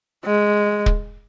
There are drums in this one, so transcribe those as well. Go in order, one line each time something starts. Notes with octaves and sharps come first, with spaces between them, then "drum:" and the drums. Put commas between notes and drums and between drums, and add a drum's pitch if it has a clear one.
G#3
drum: kick